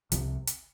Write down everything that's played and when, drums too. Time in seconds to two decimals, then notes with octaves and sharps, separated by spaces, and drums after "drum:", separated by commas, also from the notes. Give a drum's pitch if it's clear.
0.12 C2 C3 F3, drum: hi-hat
0.47 drum: hi-hat